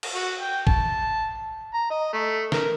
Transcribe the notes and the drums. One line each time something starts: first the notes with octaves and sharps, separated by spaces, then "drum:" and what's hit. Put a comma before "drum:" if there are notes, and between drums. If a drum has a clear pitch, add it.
drum: cymbal
F#4
G5
A5, drum: kick A#1
A#5
D#5
A3
A#4, drum: snare